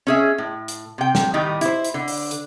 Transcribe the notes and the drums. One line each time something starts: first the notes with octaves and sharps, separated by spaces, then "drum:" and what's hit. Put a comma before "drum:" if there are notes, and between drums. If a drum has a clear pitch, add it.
C#4 G#4 E5
A2
drum: hi-hat
C3 G5
drum: snare
A2 D#3 G3 D#4 G4
E4 C5, drum: hi-hat
drum: hi-hat
D3
drum: open hi-hat
drum: hi-hat